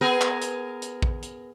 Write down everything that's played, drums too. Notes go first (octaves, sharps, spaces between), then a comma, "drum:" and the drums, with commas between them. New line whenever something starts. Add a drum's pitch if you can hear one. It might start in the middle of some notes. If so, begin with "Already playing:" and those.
B3 G#4 A#4
drum: clap
drum: hi-hat
drum: hi-hat
drum: kick
drum: hi-hat